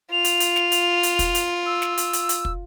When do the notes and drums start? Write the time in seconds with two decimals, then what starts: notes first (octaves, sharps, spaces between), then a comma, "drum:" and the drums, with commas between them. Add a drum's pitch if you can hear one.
0.12 F4 F7
0.24 drum: hi-hat
0.40 drum: hi-hat
0.56 drum: snare
0.72 drum: hi-hat
1.03 drum: hi-hat
1.19 drum: kick, hi-hat
1.35 drum: hi-hat
1.66 E6
1.82 drum: snare
1.98 drum: hi-hat
2.13 drum: hi-hat
2.29 drum: hi-hat
2.45 drum: kick